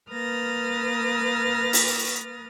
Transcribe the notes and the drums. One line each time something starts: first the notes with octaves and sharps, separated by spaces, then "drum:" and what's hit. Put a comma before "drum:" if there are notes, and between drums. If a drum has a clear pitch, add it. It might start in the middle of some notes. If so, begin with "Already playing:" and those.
A#3 B4 D#6 F6 A6 A#6
drum: open hi-hat